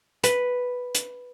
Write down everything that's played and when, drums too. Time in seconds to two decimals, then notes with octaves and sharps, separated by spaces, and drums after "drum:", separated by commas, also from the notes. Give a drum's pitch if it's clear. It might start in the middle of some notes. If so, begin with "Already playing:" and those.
0.24 B4, drum: hi-hat
0.95 drum: hi-hat